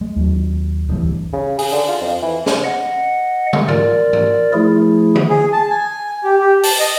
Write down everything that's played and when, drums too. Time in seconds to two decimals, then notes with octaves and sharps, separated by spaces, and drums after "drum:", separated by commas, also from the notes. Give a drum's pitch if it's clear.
0.01 G#3
0.16 D#2 F#3
0.89 D1 A1 G2 E3
1.33 C#3
1.59 G#4, drum: open hi-hat
1.72 D3
1.88 F4
2.01 F2
2.22 E3
2.46 drum: snare
2.64 D#5 F#5
3.53 drum: tom
3.68 F4 A#4 D5, drum: tom G#2
4.13 drum: tom G#2
4.53 F3 A3 E4 G#4
5.15 drum: tom D3
5.30 G#4
5.53 A5
5.70 G#5
6.24 G4
6.39 G4
6.63 A5, drum: open hi-hat
6.79 D#5